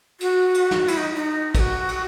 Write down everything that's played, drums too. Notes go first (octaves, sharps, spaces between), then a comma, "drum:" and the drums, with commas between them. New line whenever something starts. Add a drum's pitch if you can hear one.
F#4, drum: cymbal
drum: cymbal
drum: snare
E4, drum: cymbal
D#4
D#4
A4, drum: kick, cymbal
F#4
drum: cymbal